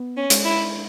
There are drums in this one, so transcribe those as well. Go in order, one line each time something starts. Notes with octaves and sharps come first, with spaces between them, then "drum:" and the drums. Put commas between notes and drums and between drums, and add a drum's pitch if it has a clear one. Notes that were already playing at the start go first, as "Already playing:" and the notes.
Already playing: B3
C#4
G#3, drum: hi-hat
E4